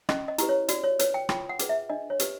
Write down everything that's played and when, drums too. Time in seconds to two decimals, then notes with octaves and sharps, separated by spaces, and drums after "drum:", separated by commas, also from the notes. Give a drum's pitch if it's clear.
0.09 C#4 D#5, drum: rim click
0.28 D#5
0.38 E4 G4 B4, drum: hi-hat
0.49 C#5
0.68 F#4 D5, drum: hi-hat
0.84 C#5
0.99 B4 C#5, drum: hi-hat
1.14 G5
1.29 F4 G5, drum: rim click
1.49 F#5
1.59 G#4 B4, drum: hi-hat
1.69 E5
1.90 D4 D#5
2.10 C#5
2.19 G4 B4, drum: hi-hat